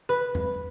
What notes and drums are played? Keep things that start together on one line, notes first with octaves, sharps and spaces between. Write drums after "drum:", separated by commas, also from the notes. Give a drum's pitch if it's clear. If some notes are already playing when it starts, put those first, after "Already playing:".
B4
drum: tom E2